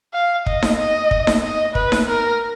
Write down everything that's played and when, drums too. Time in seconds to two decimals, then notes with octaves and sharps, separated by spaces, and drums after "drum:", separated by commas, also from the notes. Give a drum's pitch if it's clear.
0.14 F5
0.46 D#5, drum: kick
0.62 drum: snare D#4
0.78 D#5
1.11 drum: kick
1.27 drum: snare D#4
1.43 D#5
1.75 B4, drum: kick
1.92 drum: snare D#4
2.08 A#4